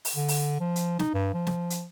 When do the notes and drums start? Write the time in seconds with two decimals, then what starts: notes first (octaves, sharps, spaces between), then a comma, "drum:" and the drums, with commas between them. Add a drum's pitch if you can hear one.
0.05 drum: open hi-hat
0.16 D3
0.28 drum: open hi-hat
0.60 F3
0.76 drum: hi-hat
0.99 D#4, drum: snare
1.14 G2
1.33 F3
1.47 drum: snare
1.70 drum: hi-hat